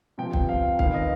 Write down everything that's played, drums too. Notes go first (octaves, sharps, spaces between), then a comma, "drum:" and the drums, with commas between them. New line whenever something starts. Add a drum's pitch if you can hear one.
C3 F3 B3 G5
drum: kick
F5
D#3 B3 F5, drum: kick
D#5